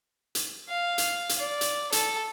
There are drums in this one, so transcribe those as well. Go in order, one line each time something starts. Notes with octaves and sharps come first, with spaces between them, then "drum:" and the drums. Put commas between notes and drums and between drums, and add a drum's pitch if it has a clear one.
drum: hi-hat
F5
drum: hi-hat
drum: hi-hat
D5
drum: hi-hat
A4, drum: hi-hat